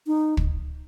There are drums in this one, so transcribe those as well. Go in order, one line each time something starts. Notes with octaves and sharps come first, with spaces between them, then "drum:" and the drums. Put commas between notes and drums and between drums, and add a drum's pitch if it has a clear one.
D#4
drum: kick